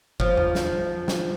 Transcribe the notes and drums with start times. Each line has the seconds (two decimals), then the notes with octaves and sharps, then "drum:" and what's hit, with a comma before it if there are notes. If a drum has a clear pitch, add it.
0.20 F3, drum: kick
0.37 drum: tom E2
0.55 drum: snare
1.08 drum: snare